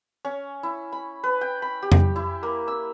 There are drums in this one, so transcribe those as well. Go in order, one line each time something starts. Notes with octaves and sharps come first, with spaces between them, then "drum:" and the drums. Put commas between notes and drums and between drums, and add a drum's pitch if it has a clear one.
C#4
E4
B5
B4
G5
B5
G4
drum: tom F2
E4
A#3
E6